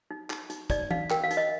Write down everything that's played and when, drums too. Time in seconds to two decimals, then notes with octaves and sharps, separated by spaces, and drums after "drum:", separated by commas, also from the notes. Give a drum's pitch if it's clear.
0.11 D#4
0.30 D#4, drum: clap
0.50 D#4, drum: hi-hat
0.70 D#4 D5, drum: kick, hi-hat
0.91 D#4 F5, drum: tom E3
1.11 A#4 G5, drum: clap
1.24 F5
1.31 D#4, drum: hi-hat
1.37 D#5